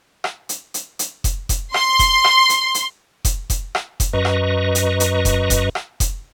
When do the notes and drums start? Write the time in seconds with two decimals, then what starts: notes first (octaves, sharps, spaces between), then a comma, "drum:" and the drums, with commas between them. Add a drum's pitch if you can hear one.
0.24 drum: rim click
0.49 drum: hi-hat
0.74 drum: hi-hat
0.99 drum: hi-hat
1.24 drum: kick F1, hi-hat
1.49 drum: kick F1, hi-hat
1.74 C6, drum: rim click
1.99 drum: kick F1, hi-hat
2.24 drum: rim click
2.49 drum: hi-hat
2.74 drum: hi-hat
3.25 drum: kick F1, hi-hat
3.50 drum: kick F1, hi-hat
3.75 drum: rim click
4.00 drum: kick F1, hi-hat
4.13 F#2 B4 D#5 A#5 C#6
4.25 drum: rim click
4.75 drum: hi-hat
5.00 drum: hi-hat
5.25 drum: kick F1, hi-hat
5.50 drum: kick F1, hi-hat
5.75 drum: rim click
6.00 drum: kick F1, hi-hat